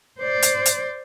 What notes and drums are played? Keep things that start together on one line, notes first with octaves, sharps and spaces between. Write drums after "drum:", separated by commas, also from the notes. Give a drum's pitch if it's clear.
C5 D5
drum: hi-hat
drum: hi-hat